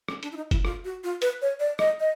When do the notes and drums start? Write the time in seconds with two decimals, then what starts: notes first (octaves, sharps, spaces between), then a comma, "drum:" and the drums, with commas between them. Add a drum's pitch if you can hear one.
0.08 C#4, drum: rim click
0.23 D4, drum: hi-hat
0.32 E4
0.36 D#4
0.51 E4, drum: kick, hi-hat
0.65 F4, drum: rim click
0.85 F#4
1.04 F4
1.22 B4, drum: hi-hat
1.42 C#5
1.60 D5
1.79 D#5, drum: rim click
2.00 D#5